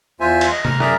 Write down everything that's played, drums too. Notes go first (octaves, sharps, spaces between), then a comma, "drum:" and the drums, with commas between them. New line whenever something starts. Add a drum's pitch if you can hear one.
E2 F4 C5 E5 G#5
drum: cymbal
D#5
A#5 F6, drum: tom C3
F#2 G#4 A#4 D5 E5 A#5, drum: rim click